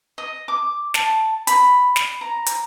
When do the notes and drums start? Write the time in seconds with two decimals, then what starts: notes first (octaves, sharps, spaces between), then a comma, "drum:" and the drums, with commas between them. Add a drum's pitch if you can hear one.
0.18 D#5
0.48 D6
0.94 A5, drum: snare
1.47 B5, drum: hi-hat
1.96 drum: snare
2.21 A#5
2.46 drum: hi-hat